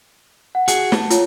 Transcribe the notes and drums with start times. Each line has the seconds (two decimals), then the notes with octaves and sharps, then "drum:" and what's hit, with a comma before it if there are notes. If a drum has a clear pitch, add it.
0.55 F#5
0.68 F#4 G#4, drum: hi-hat
0.92 A3, drum: snare
1.10 F4 C#5, drum: hi-hat